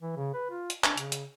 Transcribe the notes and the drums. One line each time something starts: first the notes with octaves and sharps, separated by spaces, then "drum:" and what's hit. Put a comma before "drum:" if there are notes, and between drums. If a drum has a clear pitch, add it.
E3
C#3
B4
F4
drum: hi-hat
D4, drum: clap
C#3, drum: hi-hat
drum: hi-hat